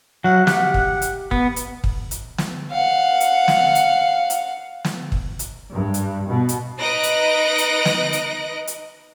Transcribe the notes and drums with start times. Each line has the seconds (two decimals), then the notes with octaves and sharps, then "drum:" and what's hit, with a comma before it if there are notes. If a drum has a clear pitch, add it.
0.24 F#3 F#5
0.47 G4 F#5 F#6, drum: snare
0.74 drum: kick
1.02 drum: hi-hat
1.31 B3, drum: kick
1.56 drum: hi-hat
1.84 drum: kick
2.11 drum: hi-hat
2.38 drum: snare
2.71 F5 F#5
3.20 drum: hi-hat
3.48 drum: snare
3.75 drum: hi-hat
4.30 drum: hi-hat
4.85 drum: snare
5.12 drum: kick
5.39 drum: hi-hat
5.71 G2
5.94 drum: hi-hat
6.26 B2
6.49 drum: hi-hat
6.79 D#4 B4 D#5 F#6 A#6 D7
7.03 drum: hi-hat
7.58 drum: hi-hat
7.85 drum: snare
8.13 drum: hi-hat
8.67 drum: hi-hat